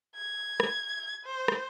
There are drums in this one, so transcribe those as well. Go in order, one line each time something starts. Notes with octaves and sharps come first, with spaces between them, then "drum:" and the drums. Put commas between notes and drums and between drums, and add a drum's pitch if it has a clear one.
G#6
drum: rim click
C5
drum: rim click